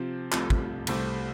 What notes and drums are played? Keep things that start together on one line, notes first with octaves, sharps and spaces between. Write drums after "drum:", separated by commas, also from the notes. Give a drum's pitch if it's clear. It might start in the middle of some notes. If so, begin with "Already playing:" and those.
Already playing: C3 F3 C4
C2 C3 F3 A3, drum: clap
drum: kick
C2 C3 A3 C4, drum: cymbal